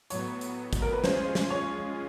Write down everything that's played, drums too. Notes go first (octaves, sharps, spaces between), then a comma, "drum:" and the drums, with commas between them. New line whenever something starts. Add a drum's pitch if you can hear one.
A2 F#3 B3 C#5, drum: hi-hat
drum: hi-hat
drum: kick, hi-hat
A#4
B4
G#3 C#4 F4 G#4 C5, drum: snare
drum: snare
C#5